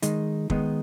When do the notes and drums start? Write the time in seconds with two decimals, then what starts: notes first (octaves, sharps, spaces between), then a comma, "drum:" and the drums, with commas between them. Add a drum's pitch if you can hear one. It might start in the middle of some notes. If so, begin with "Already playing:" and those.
0.02 D#3 G#3 D#4, drum: hi-hat
0.50 D#3 G#3 B3 D#4, drum: kick